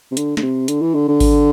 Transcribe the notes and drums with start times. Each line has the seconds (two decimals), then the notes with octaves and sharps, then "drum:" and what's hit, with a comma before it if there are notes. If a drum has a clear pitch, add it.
0.11 C3
0.17 D3, drum: hi-hat
0.37 D3, drum: snare
0.43 C3
0.68 D3, drum: hi-hat
0.82 E3
0.94 D3
1.08 D3
1.20 drum: kick G#1, open hi-hat